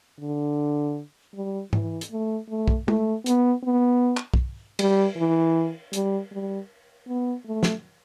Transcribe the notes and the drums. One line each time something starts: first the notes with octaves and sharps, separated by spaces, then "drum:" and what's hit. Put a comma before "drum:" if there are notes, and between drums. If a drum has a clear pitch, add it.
D3
G3
E3, drum: tom G#2
drum: hi-hat
A3
A3
drum: kick
A3, drum: tom
B3, drum: hi-hat
B3
drum: clap
drum: kick
G3, drum: cymbal
E3
G3, drum: hi-hat
G3
B3
A3
drum: snare